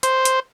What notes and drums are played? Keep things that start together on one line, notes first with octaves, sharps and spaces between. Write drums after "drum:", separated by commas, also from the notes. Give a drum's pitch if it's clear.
C5, drum: hi-hat
drum: hi-hat